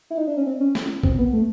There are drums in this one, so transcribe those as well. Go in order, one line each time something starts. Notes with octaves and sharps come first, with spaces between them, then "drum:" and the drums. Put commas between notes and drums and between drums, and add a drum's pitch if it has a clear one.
E4
D#4
D4
C#4
C4
C#4
drum: snare
C4, drum: kick A#1
B3
A3